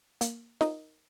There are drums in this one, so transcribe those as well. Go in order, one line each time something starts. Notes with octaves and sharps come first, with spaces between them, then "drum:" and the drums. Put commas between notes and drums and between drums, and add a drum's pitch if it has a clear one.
A#3, drum: hi-hat
D#4 A#4 D#5, drum: snare